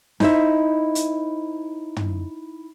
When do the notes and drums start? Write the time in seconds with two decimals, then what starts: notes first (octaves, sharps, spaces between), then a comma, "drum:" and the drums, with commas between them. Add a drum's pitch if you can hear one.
0.20 D#4 E4 C5 D#5 E5, drum: snare
0.95 drum: hi-hat
1.96 drum: tom